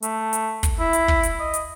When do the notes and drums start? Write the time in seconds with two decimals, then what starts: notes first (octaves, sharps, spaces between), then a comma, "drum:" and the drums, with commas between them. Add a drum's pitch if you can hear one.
0.02 A3, drum: hi-hat
0.33 drum: hi-hat
0.63 drum: kick, hi-hat
0.80 E4
0.93 drum: hi-hat
1.08 drum: kick
1.23 drum: hi-hat
1.40 D#5
1.54 drum: hi-hat